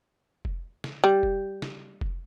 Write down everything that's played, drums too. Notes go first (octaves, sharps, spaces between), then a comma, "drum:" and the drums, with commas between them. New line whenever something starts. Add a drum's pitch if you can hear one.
drum: kick F1
drum: snare
G3
drum: kick F1
drum: snare
drum: kick F1